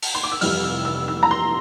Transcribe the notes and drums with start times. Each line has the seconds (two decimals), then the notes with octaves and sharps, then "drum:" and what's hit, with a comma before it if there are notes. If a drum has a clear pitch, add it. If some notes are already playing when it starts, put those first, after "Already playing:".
0.02 drum: open hi-hat
0.14 C6
0.23 D6
0.32 E6
0.41 F1 F2 C3 E3 G3 F6, drum: open hi-hat
0.64 E6
0.85 E6
1.08 E6
1.23 A#5
1.31 C6